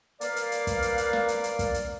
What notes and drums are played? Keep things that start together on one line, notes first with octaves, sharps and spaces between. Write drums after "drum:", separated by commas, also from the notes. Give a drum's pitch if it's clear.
A#3 B4 D5 F5, drum: hi-hat
drum: hi-hat
drum: hi-hat
drum: kick, hi-hat
drum: hi-hat
drum: hi-hat
drum: snare
drum: hi-hat
drum: hi-hat
drum: kick, hi-hat
drum: hi-hat